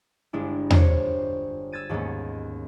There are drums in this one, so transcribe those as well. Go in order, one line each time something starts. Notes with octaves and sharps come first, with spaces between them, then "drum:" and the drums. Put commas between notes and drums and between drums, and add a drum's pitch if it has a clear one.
G1 G#3 D4 E4
D4 F4 C5 C#5, drum: tom E2
E6 G#6 A6 D#7
D#2 G#2 A#3 B3 C#4